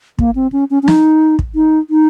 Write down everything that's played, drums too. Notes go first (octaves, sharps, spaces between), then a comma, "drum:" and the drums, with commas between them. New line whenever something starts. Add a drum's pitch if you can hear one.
A#3, drum: kick
C4
C#4
C#4
C#4
D#4, drum: snare
drum: kick
D#4
D#4